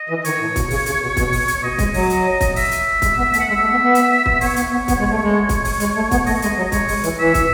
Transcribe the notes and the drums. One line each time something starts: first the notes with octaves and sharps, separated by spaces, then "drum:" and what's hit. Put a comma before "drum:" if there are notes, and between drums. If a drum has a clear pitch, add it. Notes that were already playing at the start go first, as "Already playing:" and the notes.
Already playing: D#5
E3
D#3 C#5, drum: hi-hat
A2
B2, drum: kick, hi-hat
C#3, drum: open hi-hat
C#3, drum: hi-hat
B2
B2, drum: kick, hi-hat
drum: open hi-hat
drum: hi-hat
B2 D#5
G#3, drum: kick, hi-hat
F#3, drum: open hi-hat
drum: hi-hat
drum: kick, hi-hat
E5, drum: open hi-hat
drum: hi-hat
G#3, drum: kick, hi-hat
B3
A3, drum: hi-hat
F#5
G#3 E5
A3
B3
B3
drum: hi-hat
drum: kick
B3 C#5, drum: open hi-hat
B3, drum: hi-hat
B3
B3, drum: kick, hi-hat
G#3
A3
G#3
drum: kick, hi-hat
drum: open hi-hat
G#3, drum: hi-hat
A3
B3, drum: kick, hi-hat
A3 D#5, drum: open hi-hat
C#5
G#3 D#5, drum: hi-hat
F#3
D#5
G#3 C#5, drum: kick, hi-hat
G#3, drum: open hi-hat
E3, drum: hi-hat
E3 E5
drum: kick, hi-hat